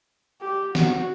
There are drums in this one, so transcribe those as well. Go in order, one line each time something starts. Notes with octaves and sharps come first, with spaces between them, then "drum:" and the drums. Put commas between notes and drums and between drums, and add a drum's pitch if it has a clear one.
G4
F#4, drum: snare